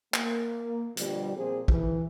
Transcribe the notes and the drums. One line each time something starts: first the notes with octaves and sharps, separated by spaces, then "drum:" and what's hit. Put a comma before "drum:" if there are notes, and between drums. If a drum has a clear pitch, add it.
A#3, drum: clap
B2 D3 F3 G3, drum: hi-hat
A#2 F3 C4 G#4 C5
E3, drum: kick